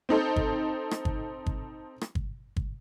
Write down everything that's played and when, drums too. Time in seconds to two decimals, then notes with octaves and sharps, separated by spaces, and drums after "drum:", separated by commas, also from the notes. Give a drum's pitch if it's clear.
0.09 C4 D#4 A4 C5
0.36 drum: kick G1
0.91 drum: rim click
1.05 drum: kick G1
1.46 drum: kick G1
2.01 drum: rim click
2.15 drum: kick G1
2.56 drum: kick G1